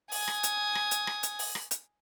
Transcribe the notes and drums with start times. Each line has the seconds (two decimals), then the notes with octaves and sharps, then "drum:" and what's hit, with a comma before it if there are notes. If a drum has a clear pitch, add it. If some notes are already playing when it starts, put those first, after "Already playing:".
0.12 G#5 D#6, drum: open hi-hat
0.28 drum: rim click
0.43 drum: hi-hat
0.75 drum: rim click
0.91 drum: hi-hat
1.07 drum: rim click
1.23 drum: hi-hat
1.39 drum: open hi-hat
1.55 drum: rim click
1.71 drum: hi-hat